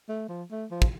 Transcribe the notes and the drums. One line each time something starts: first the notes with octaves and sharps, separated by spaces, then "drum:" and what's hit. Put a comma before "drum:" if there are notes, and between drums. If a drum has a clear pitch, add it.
A3
F3
A3
F3
drum: kick